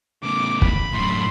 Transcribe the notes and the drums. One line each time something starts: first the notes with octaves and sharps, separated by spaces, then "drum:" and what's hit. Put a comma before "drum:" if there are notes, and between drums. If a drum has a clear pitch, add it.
A2 C#3 D6
B5, drum: kick
F#2 A2 C6